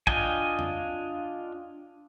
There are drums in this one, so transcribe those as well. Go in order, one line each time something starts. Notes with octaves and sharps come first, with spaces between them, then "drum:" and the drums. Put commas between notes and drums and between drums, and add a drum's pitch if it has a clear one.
D4 F4 D#5 G5 G#5, drum: kick
drum: tom F2